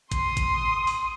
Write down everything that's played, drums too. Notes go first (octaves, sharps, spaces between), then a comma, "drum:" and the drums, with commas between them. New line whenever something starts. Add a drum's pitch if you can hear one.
C6 D#6, drum: kick G#1, hi-hat
drum: kick G#1, hi-hat
drum: open hi-hat